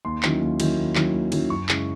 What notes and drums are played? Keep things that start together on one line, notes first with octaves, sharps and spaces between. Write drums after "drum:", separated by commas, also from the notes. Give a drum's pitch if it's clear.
D#2 C6
D#3 F#3 C#4 E4, drum: clap
D#2
D#3 F#3 C#4 E4, drum: cymbal
D#2
D#3 F#3 C#4 E4, drum: clap
D#2
D#3 F#3 C#4 E4, drum: cymbal
F#2 C#6
C#3 G#3 C#4 E4, drum: clap